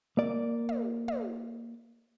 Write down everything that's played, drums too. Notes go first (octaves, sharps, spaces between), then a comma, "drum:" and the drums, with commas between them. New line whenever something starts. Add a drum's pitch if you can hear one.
A#3 D5
drum: tom
drum: tom